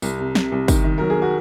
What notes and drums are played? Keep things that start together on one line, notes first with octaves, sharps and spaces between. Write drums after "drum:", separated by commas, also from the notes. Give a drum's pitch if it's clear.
C2, drum: tambourine
C3
C3, drum: snare
C2
D#3, drum: kick, tambourine
D#3
F#3 A#4
G#4
F#4